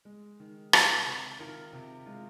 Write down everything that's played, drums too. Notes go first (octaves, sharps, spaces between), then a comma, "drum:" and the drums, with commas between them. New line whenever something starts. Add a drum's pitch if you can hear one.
G#3
D#3
C3, drum: rim click
C3
D#3 F4 A#4
C3
G#3 F4